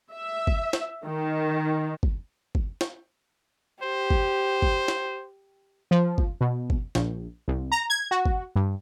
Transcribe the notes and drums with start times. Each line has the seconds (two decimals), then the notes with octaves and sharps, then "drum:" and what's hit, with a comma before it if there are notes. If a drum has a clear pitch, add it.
0.13 E5
0.47 drum: kick
0.73 drum: snare
1.05 D#3
2.03 drum: kick
2.55 drum: kick
2.81 drum: snare
3.83 G4 C5
4.10 drum: kick
4.62 drum: kick
4.88 drum: snare
5.91 F3
6.18 drum: kick
6.41 B2
6.70 drum: kick
6.95 A#1, drum: snare
7.48 C2
7.72 A#5
7.90 G#6
8.11 F#4
8.26 drum: kick
8.56 G2